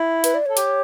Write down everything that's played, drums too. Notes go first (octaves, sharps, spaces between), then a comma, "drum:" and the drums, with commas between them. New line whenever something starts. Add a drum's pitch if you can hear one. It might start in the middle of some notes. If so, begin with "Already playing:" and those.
Already playing: E4
B4, drum: hi-hat
D5
A4 C#5
G4, drum: hi-hat